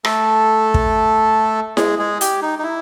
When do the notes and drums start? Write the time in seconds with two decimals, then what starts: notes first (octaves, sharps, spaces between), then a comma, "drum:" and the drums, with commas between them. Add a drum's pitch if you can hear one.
0.05 A3 A4, drum: rim click
0.74 drum: kick
1.77 G#3 G#4, drum: snare E4
1.99 G#3 G#4
2.21 G4, drum: hi-hat
2.42 D#4
2.59 D#4
2.63 E4